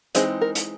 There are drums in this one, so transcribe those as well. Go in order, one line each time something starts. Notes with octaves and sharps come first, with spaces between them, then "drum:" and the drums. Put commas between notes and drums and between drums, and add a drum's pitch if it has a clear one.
E3 G#3 C4 D#4 G#4, drum: hi-hat
A#4
drum: hi-hat